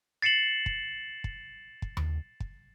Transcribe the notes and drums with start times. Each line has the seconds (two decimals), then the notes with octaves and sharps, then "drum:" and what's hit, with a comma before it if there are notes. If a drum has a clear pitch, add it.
0.22 A6 C7 C#7 E7 F#7
0.66 drum: kick
1.24 drum: kick
1.82 drum: kick
1.97 drum: tom D#2
2.40 drum: kick